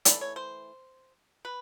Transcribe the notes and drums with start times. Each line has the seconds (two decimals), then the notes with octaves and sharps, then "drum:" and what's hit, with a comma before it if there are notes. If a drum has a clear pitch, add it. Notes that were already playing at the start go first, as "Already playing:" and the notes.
0.05 E3 A3 D5, drum: hi-hat
0.21 C#5
0.36 C5
1.45 B4